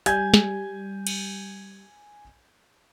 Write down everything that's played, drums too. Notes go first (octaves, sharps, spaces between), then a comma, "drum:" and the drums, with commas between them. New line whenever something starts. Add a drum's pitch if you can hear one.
G3 G#5 G6 G#6, drum: hi-hat
drum: snare
drum: cymbal